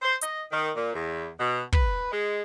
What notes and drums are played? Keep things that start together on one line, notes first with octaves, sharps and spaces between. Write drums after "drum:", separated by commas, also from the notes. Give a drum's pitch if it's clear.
C5
D#5, drum: hi-hat
D#3
A#2
E2
B2
B4, drum: kick
G#3